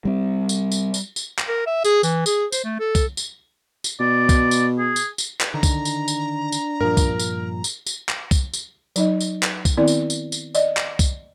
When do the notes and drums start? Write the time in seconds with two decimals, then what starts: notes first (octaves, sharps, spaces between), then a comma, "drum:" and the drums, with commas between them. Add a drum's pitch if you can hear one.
0.05 G3 C4
0.49 drum: tambourine
0.72 drum: tambourine
0.94 drum: tambourine
1.16 drum: tambourine
1.39 drum: clap
1.49 A#4
1.67 E5
1.84 G#4, drum: tambourine
2.03 E3, drum: tambourine
2.26 G#4, drum: tambourine
2.52 C5, drum: tambourine
2.64 A3
2.80 A4
2.95 drum: kick C2, tambourine
3.17 drum: tambourine
3.84 drum: tambourine
4.00 B2 D5
4.29 drum: kick C2, tambourine
4.51 drum: tambourine
4.79 G#4
4.96 drum: tambourine
5.18 drum: tambourine
5.41 drum: clap
5.54 D3 D#3 D4 A#5
5.63 drum: kick C2, tambourine
5.85 drum: tambourine
6.08 drum: tambourine
6.52 drum: tambourine
6.81 G2 A#2 F3 A#4
6.97 drum: kick C2, tambourine
7.19 drum: tambourine
7.64 drum: tambourine
7.86 drum: tambourine
8.09 drum: clap
8.31 drum: kick C2, tambourine
8.53 drum: tambourine
8.96 F#3 D#4 D#5, drum: tambourine
9.21 drum: tambourine
9.43 drum: clap
9.65 drum: kick C2, tambourine
9.77 D#3 B3 C4 E4 D5
9.88 drum: tambourine
10.10 drum: tambourine
10.32 drum: tambourine
10.55 D5 D#5, drum: tambourine
10.77 drum: clap
10.99 drum: kick C2, tambourine